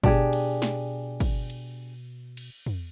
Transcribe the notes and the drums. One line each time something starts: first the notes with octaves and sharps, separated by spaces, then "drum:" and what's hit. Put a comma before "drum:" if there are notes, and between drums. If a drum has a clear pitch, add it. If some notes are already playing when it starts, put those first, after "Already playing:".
B2 D4 G4 G#4, drum: kick
drum: cymbal
drum: snare
drum: kick, cymbal
drum: cymbal
drum: cymbal
drum: tom